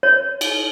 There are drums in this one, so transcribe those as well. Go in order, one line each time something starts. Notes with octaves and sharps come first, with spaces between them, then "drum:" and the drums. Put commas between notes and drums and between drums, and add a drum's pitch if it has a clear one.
C#5
drum: cymbal